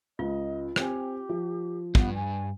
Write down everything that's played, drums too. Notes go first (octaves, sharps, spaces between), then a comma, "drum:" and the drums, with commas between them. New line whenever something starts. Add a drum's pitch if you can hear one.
C#2 F4 D#5
C4 G4 G#5, drum: rim click
F3
G2 B3, drum: kick
G#5